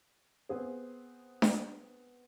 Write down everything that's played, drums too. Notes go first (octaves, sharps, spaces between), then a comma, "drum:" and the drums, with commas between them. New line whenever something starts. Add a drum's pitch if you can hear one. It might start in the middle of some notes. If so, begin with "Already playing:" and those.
B3 C4 G#4 C5
drum: snare D4